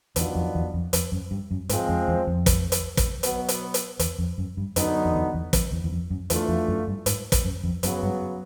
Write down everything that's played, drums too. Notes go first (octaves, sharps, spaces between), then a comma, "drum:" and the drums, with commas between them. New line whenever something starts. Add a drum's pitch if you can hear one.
E2 D#3 F#3 B3 D4 F4, drum: hi-hat
F2
E2
F2
F2, drum: hi-hat
F#2
G2
F#2
G#2 F3 G#3 C4, drum: hi-hat
F2
E2
F2
drum: kick, hi-hat
drum: hi-hat
drum: kick, hi-hat
B2 F#3 B3, drum: hi-hat
drum: hi-hat
drum: hi-hat
E2, drum: hi-hat
F2
F#2
G2
F#2 D3 F#3 B3 D#4, drum: hi-hat
F2
E2
E2
F2, drum: kick, hi-hat
E2
E2
F2
F#2
E2 E3 A3 D4 F4, drum: hi-hat
F2
F#2
G2
G#2, drum: hi-hat
drum: kick, hi-hat
F#2
F2
F#2 C#3 F#3 B3, drum: hi-hat
G2